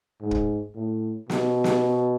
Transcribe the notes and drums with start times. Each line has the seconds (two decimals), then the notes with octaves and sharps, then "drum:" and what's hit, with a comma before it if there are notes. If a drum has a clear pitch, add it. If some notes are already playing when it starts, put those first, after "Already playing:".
0.22 G#2
0.31 drum: kick
0.75 A2
1.30 B2, drum: snare
1.64 drum: snare